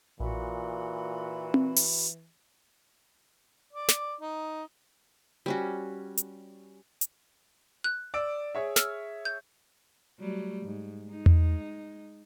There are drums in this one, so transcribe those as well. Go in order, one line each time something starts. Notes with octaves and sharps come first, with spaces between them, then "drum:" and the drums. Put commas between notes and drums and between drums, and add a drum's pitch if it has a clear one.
A#1 A#2 E3 F#4 B5
drum: tom C4
drum: open hi-hat
D5
drum: snare
D#4
G3 C#4 F#4
drum: hi-hat
drum: hi-hat
F#6
D5 E6 D7
G#4 C#5 E5
E6 F6, drum: snare
G6
F#3 G3 A3
G#2
G#3 D#4
drum: tom E2